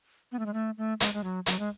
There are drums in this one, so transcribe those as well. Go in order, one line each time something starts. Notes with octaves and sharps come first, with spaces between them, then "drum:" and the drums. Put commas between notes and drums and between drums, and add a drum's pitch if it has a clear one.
B3
A3
G#3
A3
A3
G#3, drum: hi-hat
G#3
F#3
F#3, drum: hi-hat
G#3